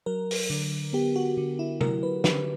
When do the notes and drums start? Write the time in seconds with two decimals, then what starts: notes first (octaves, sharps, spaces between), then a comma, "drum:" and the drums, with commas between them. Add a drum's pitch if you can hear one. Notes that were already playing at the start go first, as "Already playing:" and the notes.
0.06 F#3 A#4
0.31 drum: open hi-hat
0.50 D3
0.93 B3 G4
1.16 F#4
1.37 D3
1.59 E4
1.81 F#3 A#4, drum: tom
2.03 B4
2.24 D3 B4, drum: snare